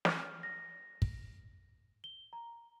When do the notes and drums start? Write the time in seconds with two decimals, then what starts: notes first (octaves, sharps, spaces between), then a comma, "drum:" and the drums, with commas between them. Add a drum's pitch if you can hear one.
0.05 F6, drum: snare
0.43 A#6
1.02 drum: kick
2.04 G7
2.33 A#5